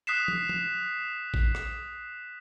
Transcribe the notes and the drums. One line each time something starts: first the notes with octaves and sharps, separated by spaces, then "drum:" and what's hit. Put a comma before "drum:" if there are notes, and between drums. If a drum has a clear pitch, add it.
D#6 F#6 B6 C7 E7
drum: tom
drum: tom
drum: kick A1
drum: rim click